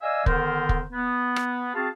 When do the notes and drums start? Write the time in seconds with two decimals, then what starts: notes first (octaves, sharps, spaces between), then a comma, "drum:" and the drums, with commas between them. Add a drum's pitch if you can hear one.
0.02 D5 D#5 F5 G#5 E6
0.26 D3 D#3 B3 A#4 C5, drum: kick
0.69 drum: kick
0.93 B3
1.36 drum: rim click
1.75 C4 F#4 G#4 F5 A5